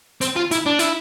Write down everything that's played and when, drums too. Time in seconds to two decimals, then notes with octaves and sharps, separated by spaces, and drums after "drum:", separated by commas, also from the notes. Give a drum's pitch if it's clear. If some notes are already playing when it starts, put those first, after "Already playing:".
0.21 C4, drum: hi-hat
0.36 F4
0.51 E4, drum: hi-hat
0.66 D4
0.79 E4, drum: hi-hat